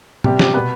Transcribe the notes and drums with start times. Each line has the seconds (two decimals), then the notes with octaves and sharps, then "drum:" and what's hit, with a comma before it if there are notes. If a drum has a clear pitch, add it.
0.24 C3 G3 B3 G4, drum: tom
0.39 G4, drum: snare
0.54 B2 B3 B4